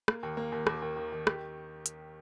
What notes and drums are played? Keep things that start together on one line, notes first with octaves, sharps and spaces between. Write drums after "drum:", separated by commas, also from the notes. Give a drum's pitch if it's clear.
A#3, drum: rim click
D#2
A#3
D#2
D#2, drum: rim click
D#2
D#3
D#3
G4, drum: rim click
drum: hi-hat